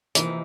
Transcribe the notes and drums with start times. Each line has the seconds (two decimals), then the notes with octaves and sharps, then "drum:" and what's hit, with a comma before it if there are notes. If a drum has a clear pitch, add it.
0.15 C3 E3 F3 A#3 D#4, drum: hi-hat